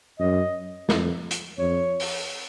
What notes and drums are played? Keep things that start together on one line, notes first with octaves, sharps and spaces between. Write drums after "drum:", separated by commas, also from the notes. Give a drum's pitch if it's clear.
F#2 D#5
F2, drum: snare
drum: hi-hat
F2 C#5
drum: open hi-hat